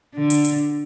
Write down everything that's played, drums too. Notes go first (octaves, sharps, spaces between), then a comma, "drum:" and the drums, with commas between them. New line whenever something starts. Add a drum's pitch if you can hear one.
D3
drum: hi-hat
drum: hi-hat